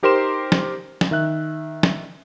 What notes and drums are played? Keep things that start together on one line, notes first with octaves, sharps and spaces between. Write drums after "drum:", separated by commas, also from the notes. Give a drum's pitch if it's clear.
D#4 G4 A#4 C5 C6 E7
drum: snare
drum: snare
D#3 E5 F#6
drum: snare